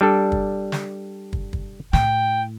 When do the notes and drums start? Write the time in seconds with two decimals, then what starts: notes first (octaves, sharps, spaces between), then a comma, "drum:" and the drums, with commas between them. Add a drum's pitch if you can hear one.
0.01 G3 D4 A4
0.32 drum: kick
0.72 drum: snare
1.33 drum: kick
1.53 drum: kick
1.93 A2 G5, drum: snare